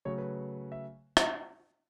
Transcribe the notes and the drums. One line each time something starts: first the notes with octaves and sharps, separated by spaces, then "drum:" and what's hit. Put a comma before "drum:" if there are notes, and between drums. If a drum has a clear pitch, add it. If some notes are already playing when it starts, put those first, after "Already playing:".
C#3 F#3 A3 C#5
B4
E5
drum: rim click